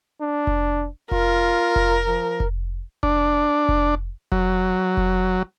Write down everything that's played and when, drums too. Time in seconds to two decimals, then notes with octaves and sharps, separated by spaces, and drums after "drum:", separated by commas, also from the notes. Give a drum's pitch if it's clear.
0.21 D4
0.47 drum: kick F1
1.11 F4 A#4, drum: kick F1
1.76 drum: kick F1
2.07 F3
2.40 drum: kick F1
3.03 D4, drum: kick F1
3.69 drum: kick F1
4.32 F#3, drum: kick F1
4.97 drum: kick F1